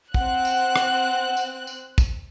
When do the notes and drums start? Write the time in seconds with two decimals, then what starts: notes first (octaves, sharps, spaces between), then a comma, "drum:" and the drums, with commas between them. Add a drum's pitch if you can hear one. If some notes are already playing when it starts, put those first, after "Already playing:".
0.14 C4 F#5 F#6, drum: kick
0.45 drum: tambourine
0.76 drum: rim click
1.37 drum: tambourine
1.67 drum: tambourine
1.98 drum: kick, tambourine